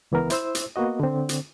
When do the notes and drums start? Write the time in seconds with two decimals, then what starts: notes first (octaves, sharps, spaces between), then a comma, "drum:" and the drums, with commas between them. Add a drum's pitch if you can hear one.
0.12 C#2 E3 B3 A#4
0.30 E4 C5 E6, drum: hi-hat
0.55 drum: hi-hat
0.76 A#3 B3 F#4 D#5
1.00 D3 C4
1.29 drum: hi-hat